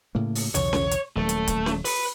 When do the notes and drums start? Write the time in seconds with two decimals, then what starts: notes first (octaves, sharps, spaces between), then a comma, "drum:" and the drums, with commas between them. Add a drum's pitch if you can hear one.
0.15 A2 C#3 A#3
0.35 drum: open hi-hat
0.55 B1 E2 C#3 C#5, drum: hi-hat
0.73 drum: snare C#4
0.91 drum: hi-hat
1.16 D#1 F#3 A3
1.29 drum: hi-hat
1.47 drum: kick, hi-hat
1.66 drum: snare C#4
1.85 B4, drum: open hi-hat